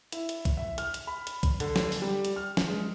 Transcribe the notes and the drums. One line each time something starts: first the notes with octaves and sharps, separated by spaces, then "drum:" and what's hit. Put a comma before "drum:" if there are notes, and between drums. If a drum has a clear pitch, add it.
E4, drum: hi-hat
drum: hi-hat
drum: kick, hi-hat
E5
F6, drum: hi-hat
drum: hi-hat
B5
drum: hi-hat
drum: kick, hi-hat
D3, drum: hi-hat
drum: snare
drum: open hi-hat
G3
drum: hi-hat
F6
drum: snare
G#3